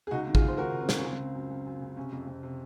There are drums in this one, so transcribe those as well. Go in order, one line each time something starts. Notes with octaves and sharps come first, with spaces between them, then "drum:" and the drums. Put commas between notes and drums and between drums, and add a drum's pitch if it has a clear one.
G#4
C#2 D#4 F#4
D#3
F4 G#4, drum: kick A1
C#2
C5
D#3 F#4 A#4
C#2
C4
C#2, drum: snare
C#4
C#3 C4
C#3
F#2
F#2
F#2
C#3
C3 C#4
F2
F2
C3